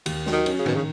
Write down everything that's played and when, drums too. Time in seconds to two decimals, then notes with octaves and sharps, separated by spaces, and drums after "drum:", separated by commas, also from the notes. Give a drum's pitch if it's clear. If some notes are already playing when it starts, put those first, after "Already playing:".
0.06 D#2, drum: cymbal
0.26 F#3, drum: snare
0.32 D#3
0.46 C#4, drum: cymbal
0.59 C#3
0.66 B2 D#3, drum: tom
0.76 C#3